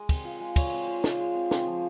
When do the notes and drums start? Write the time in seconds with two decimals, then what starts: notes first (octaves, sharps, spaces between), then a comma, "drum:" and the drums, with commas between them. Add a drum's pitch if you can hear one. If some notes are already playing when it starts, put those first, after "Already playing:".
Already playing: G#3 D#5
0.09 C4, drum: kick, cymbal
0.25 F4
0.40 G#3
0.56 G#3 C#5, drum: kick, cymbal
0.72 C4
0.87 F4
1.04 G#3, drum: snare
1.19 G#3
1.35 C4
1.51 C4, drum: snare
1.67 F3